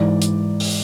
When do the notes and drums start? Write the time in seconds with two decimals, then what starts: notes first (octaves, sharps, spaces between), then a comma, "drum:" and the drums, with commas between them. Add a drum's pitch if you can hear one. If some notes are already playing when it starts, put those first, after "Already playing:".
Already playing: G#2 E3 D5
0.22 drum: hi-hat
0.60 drum: open hi-hat